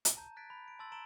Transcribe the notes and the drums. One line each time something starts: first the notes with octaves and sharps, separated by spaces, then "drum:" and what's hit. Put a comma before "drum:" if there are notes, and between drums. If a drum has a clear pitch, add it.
drum: hi-hat
A5 A#5 G6
F#6 G#6 A6 B6 D7
B5
D7
A5 C6 E6 A6 F#7
A#5 D7 E7 F#7 G7